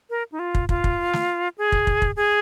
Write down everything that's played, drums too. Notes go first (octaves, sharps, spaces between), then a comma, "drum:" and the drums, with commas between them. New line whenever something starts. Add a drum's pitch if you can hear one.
A#4
D#4
F4
drum: kick
F4, drum: kick
drum: kick
drum: snare
G#4
drum: kick
drum: kick
drum: kick
G#4